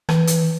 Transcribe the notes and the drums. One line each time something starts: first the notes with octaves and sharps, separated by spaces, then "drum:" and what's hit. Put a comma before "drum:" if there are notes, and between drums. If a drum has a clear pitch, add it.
E3, drum: rim click
drum: hi-hat